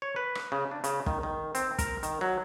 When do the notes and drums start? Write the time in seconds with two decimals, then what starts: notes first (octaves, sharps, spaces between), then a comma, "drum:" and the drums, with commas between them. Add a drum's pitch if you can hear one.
0.02 C#5
0.16 B4
0.35 drum: rim click
0.52 C#3
0.71 D4
0.84 C#3, drum: hi-hat
1.06 D#3, drum: kick
1.23 D#3
1.55 C4, drum: hi-hat
1.79 A#4, drum: kick, hi-hat
2.03 D#3, drum: hi-hat
2.21 F#3